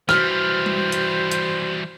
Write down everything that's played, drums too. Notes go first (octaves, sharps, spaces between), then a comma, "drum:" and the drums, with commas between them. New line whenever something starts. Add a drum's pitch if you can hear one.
E3 G3 F#4 C5 F6, drum: rim click
drum: tom G3
drum: hi-hat
drum: hi-hat